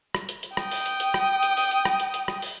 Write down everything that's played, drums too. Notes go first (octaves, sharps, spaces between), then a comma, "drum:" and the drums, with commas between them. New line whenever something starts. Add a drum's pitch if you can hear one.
drum: rim click
drum: hi-hat
drum: hi-hat
G5 D#6, drum: rim click
drum: open hi-hat
drum: hi-hat
drum: hi-hat
drum: rim click
drum: hi-hat
drum: open hi-hat
drum: hi-hat
drum: rim click
drum: hi-hat
drum: hi-hat
drum: rim click
drum: open hi-hat